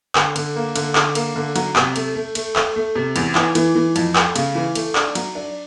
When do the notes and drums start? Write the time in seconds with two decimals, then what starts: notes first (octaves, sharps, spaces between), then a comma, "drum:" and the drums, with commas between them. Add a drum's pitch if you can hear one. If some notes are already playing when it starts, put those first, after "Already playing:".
0.15 D3, drum: clap
0.36 D3, drum: cymbal
0.56 A#3
0.76 D3, drum: cymbal
0.95 D3, drum: clap
1.15 A#3, drum: cymbal
1.36 D3
1.56 F#3, drum: cymbal
1.76 C3, drum: clap
1.96 A3, drum: cymbal
2.15 A3
2.35 A3, drum: cymbal
2.56 A3, drum: clap
2.76 A3
2.95 C3
3.16 E2, drum: cymbal
3.35 E3, drum: clap
3.55 E3, drum: cymbal
3.75 E3
3.96 F2, drum: cymbal
4.15 A3, drum: clap
4.36 C#3, drum: cymbal
4.55 E3
4.75 A3, drum: cymbal
4.95 D4, drum: clap
5.15 F#3, drum: cymbal
5.35 D4